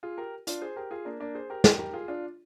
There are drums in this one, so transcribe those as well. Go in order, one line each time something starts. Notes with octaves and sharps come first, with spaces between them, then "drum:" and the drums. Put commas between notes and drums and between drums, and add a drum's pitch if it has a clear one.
F4 G#4
G4 A#4
D4 F4, drum: hi-hat
G#4 C5
G4 A#4
F4 G#4
A#3 D4
A#3 D4
G#4 C5
G4 A#4
G4 A#4, drum: snare
G4 A#4
F4 G#4
D4 F4